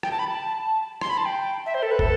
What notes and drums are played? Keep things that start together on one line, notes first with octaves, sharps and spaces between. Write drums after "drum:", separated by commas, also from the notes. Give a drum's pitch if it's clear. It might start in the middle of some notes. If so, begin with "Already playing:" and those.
G5, drum: rim click
A5
B5
A5
C6, drum: rim click
B5
A5
G5
E5
C5
A4
B4
A4, drum: kick